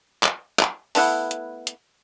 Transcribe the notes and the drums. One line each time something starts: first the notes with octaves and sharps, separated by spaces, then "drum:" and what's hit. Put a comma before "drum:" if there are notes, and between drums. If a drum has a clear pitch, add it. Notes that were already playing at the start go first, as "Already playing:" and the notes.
drum: clap
drum: clap
A3 B3 E4 F#5, drum: open hi-hat
drum: hi-hat
drum: hi-hat